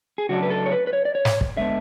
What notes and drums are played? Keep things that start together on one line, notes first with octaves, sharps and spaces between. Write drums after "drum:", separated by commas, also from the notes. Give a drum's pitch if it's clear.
G#4
C#3 F#3 A3 D4 F#4
B4
A4
C#5
B4
B4
C#5
D5
C#5
drum: snare
drum: kick
D3 G#3 B3 D4 E5